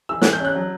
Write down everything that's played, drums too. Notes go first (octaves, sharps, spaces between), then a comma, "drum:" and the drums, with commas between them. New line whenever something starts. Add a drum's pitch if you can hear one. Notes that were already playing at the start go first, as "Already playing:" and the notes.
E3 E6
E3 F#6, drum: snare
G6
C#4 F#6
F#3